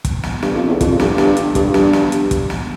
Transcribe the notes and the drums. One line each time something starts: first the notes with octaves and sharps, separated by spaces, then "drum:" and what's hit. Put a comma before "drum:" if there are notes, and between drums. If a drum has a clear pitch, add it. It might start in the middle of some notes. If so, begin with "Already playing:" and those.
drum: kick, hi-hat
drum: snare
G2, drum: snare
F2
E2
F2, drum: kick, hi-hat
G2, drum: snare
G2, drum: snare
drum: hi-hat
G2, drum: kick, hi-hat
G2, drum: snare
drum: snare
drum: hi-hat
drum: kick, hi-hat
drum: snare